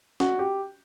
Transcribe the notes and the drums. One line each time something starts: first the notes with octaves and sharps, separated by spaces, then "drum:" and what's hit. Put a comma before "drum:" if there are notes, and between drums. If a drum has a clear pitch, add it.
F#4, drum: snare
G4